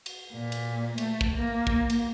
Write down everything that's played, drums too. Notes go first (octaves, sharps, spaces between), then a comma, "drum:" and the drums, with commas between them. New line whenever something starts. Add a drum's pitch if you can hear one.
drum: cymbal
A#2
drum: cymbal
A3, drum: cymbal
drum: kick
A#3
drum: kick
drum: cymbal